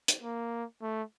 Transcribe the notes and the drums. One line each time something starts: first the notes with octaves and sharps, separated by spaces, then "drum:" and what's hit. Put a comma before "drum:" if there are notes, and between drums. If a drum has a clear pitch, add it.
drum: hi-hat
A#3
A3